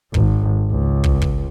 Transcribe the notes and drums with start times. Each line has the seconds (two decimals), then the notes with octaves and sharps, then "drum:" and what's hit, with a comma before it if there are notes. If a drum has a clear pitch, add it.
0.14 G#1, drum: kick
0.71 C#2
1.04 drum: kick
1.22 drum: kick